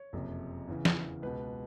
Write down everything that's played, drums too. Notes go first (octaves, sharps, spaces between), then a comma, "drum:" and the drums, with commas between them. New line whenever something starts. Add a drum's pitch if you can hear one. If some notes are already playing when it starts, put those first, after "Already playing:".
Already playing: C#5
F#1 F2 C3
E2 C#3 E3
drum: snare
C#2 B2 B4